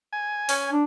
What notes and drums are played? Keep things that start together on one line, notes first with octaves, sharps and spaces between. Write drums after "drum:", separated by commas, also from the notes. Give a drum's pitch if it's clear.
G#5
C#4, drum: open hi-hat
D4